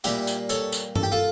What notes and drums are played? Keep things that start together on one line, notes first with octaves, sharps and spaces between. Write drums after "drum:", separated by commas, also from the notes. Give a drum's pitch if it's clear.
A#2 G3 A#3 E4 G4, drum: tambourine
drum: tambourine
A4 C#5, drum: tambourine
drum: tambourine
A4, drum: tom G2
G4
F4 A4